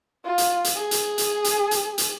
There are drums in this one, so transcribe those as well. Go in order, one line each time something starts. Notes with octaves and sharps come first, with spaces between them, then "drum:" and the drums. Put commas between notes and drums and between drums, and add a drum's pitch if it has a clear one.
F4
drum: hi-hat
drum: hi-hat
G#4
drum: hi-hat
drum: hi-hat
drum: hi-hat
drum: hi-hat
drum: hi-hat